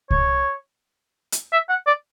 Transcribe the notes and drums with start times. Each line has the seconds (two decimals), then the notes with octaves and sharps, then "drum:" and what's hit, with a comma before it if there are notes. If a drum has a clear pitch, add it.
0.11 C#5, drum: kick C2
1.32 drum: hi-hat
1.53 E5
1.69 F#5
1.87 D5